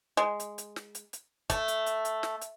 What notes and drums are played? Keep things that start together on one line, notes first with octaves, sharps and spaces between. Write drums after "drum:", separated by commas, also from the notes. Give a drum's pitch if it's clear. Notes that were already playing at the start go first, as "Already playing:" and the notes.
G#3
drum: hi-hat
drum: hi-hat
drum: snare
drum: hi-hat
drum: hi-hat
A3, drum: kick, hi-hat
drum: hi-hat
drum: hi-hat
drum: hi-hat
drum: snare
drum: hi-hat